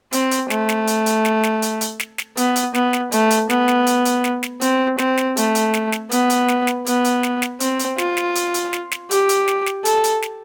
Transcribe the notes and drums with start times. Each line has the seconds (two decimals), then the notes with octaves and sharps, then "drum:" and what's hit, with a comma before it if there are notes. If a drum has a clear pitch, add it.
0.12 C4, drum: hi-hat
0.31 drum: hi-hat
0.50 A3, drum: snare
0.69 drum: snare
0.87 drum: hi-hat
1.06 drum: hi-hat
1.25 drum: snare
1.43 drum: snare
1.62 drum: hi-hat
1.81 drum: hi-hat
2.00 drum: snare
2.18 drum: snare
2.37 B3, drum: hi-hat
2.56 drum: hi-hat
2.74 B3, drum: snare
2.93 drum: snare
3.12 A3, drum: hi-hat
3.30 drum: hi-hat
3.50 B3, drum: snare
3.68 drum: snare
3.87 drum: hi-hat
4.05 drum: hi-hat
4.24 drum: snare
4.43 drum: snare
4.61 C4, drum: hi-hat
4.98 C4, drum: snare
5.17 drum: snare
5.37 A3, drum: hi-hat
5.55 drum: hi-hat
5.74 drum: snare
5.92 drum: snare
6.11 B3, drum: hi-hat
6.30 drum: hi-hat
6.48 drum: snare
6.67 drum: snare
6.86 B3, drum: hi-hat
7.04 drum: hi-hat
7.23 drum: snare
7.42 drum: snare
7.60 C4, drum: hi-hat
7.79 drum: hi-hat
7.98 F4, drum: snare
8.17 drum: snare
8.35 drum: hi-hat
8.54 drum: hi-hat
8.73 drum: snare
8.91 drum: snare
9.11 G4, drum: hi-hat
9.29 drum: hi-hat
9.48 drum: snare
9.66 drum: snare
9.85 A4, drum: hi-hat
10.04 drum: hi-hat
10.22 drum: snare